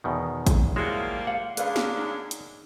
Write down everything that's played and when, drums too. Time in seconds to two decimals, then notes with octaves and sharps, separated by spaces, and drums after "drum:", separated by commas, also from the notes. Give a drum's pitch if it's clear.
0.04 E2 B2 D#3
0.47 drum: kick, hi-hat
0.76 F3 G3 G#3 A#3 E4 F#4 C#5
1.27 F5 F#5
1.57 F#2 C#3 D4 B4 F5, drum: hi-hat
1.76 drum: snare
1.97 D#4
2.31 drum: hi-hat